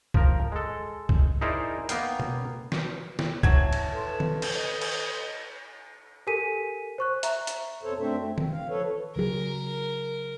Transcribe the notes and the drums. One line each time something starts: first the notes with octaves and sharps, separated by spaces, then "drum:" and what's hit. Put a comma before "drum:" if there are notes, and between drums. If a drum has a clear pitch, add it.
F3 A#4, drum: kick C2
G#3 A4
drum: kick C2
D#4 E4 G#4 A#4 C5 D5
A#3 B3 F5 G5, drum: hi-hat
drum: tom B2
drum: snare
drum: snare
E3 F#3 A5 G#6, drum: kick C2
drum: cymbal
A4 B4 C6
drum: tom D#3
drum: cymbal
D#5
drum: cymbal
G4 A4 A#4 G#5 B6 D#7
C5 C#6 F#6
E5 A#5, drum: hi-hat
drum: hi-hat
F2 B2 A4 C5 C#5
F#2 A3 C4 D4 C5 E5
A3
C4, drum: tom D#3
F5
F3 A4 B4 C#5
C#3 F#3 G#4 A#4